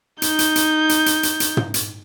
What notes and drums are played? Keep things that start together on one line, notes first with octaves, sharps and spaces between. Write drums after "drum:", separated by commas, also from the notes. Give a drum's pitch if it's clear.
D#4 G6, drum: hi-hat
drum: hi-hat
drum: hi-hat
drum: hi-hat
drum: hi-hat
drum: hi-hat
drum: hi-hat
drum: tom
drum: hi-hat